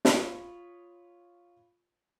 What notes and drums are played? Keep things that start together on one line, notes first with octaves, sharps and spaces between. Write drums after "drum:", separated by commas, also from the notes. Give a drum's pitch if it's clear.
F4 C#5 B5 D#6, drum: snare